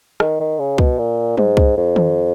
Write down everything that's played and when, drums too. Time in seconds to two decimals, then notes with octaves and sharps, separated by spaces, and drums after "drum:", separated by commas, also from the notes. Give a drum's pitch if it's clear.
0.20 D#3, drum: rim click
0.40 D#3
0.59 C#3
0.78 B2, drum: kick C2
0.98 A#2
1.37 G#2, drum: tom F#3
1.57 drum: kick C2
1.77 F2
1.96 drum: tom D#3